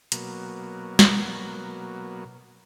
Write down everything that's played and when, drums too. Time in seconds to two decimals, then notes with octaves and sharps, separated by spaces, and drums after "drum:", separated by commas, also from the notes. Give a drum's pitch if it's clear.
0.12 B2 F#3 A#3, drum: hi-hat
0.99 drum: snare